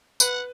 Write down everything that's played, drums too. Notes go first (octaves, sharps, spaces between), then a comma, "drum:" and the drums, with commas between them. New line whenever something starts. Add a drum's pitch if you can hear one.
B4 F#5, drum: tambourine